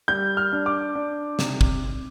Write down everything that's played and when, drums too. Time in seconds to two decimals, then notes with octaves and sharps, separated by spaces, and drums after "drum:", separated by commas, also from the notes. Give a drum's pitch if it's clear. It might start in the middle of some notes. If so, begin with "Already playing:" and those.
0.08 G3 G6
0.37 F6
0.52 D4
0.66 D6
0.95 D4
1.39 C3, drum: snare
1.61 drum: kick